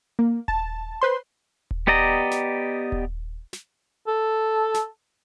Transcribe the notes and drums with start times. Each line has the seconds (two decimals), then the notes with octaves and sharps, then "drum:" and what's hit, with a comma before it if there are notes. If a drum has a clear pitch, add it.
0.19 A#3
0.48 A5, drum: kick D#1
1.01 B4 C5 C6
1.71 drum: kick D#1
1.87 B3 G4 D5 D#5 A#5
2.31 drum: snare
2.92 drum: kick D#1
3.53 drum: snare
4.07 A4
4.74 drum: snare